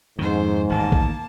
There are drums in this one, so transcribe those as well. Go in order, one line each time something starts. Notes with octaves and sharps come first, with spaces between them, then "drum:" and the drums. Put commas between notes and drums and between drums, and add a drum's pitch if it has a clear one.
F2 G#2 D#3 C#4 C5
A1 D#2 D#3 A#3 A5
drum: kick B1